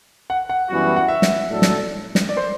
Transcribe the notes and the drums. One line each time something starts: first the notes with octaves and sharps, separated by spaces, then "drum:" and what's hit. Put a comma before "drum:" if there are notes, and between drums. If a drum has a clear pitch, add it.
F#5
F#5
F#2 E3 G3 B3 F#4
F#5
E5
drum: snare
A2 F#3 A3 D4 A4
drum: snare
drum: snare
D5
C5